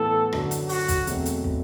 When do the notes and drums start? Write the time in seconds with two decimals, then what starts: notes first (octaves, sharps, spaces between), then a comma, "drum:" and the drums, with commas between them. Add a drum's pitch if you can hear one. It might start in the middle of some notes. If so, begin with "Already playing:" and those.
Already playing: A2 E3 B3 A4
0.33 F#2 D3 F#3, drum: rim click
0.51 drum: hi-hat
0.69 F#4, drum: open hi-hat
0.88 drum: kick, hi-hat
1.07 E2 B2 F#3 A3 C4, drum: hi-hat
1.26 drum: hi-hat
1.44 drum: kick